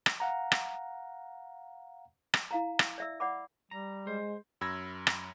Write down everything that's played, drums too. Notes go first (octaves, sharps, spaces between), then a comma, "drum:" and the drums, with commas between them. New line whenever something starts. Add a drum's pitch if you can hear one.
drum: rim click
F5 F#5 A#5
drum: rim click
drum: rim click
E4 F5 A#5
drum: rim click
D5 E5 E6
D5 F#5 B5 D6
G3 A#5
G#3 C5
F#2 B5 E6 G#6 A#6
drum: rim click